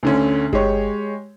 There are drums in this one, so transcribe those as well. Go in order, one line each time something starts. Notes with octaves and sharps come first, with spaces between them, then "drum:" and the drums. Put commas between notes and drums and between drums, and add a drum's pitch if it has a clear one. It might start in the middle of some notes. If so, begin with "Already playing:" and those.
D2 D3 C#4
G#3 G4 C#5, drum: kick G1